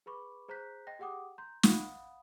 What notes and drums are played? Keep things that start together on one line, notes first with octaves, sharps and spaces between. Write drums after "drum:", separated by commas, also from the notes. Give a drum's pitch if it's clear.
G#4 B4 B5 C#6 D6
G#4 C5 A#5 F#6 G6 B6
D#5 G5 A#6
G4 G#4 F#5 G5 D6 D#6
A#5 C6 G6
F5 F#5 B5 D#6, drum: snare